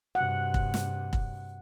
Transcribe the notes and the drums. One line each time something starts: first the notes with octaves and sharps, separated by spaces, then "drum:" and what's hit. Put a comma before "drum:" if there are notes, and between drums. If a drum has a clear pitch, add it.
G2 C3 F#5
drum: kick
drum: snare
drum: kick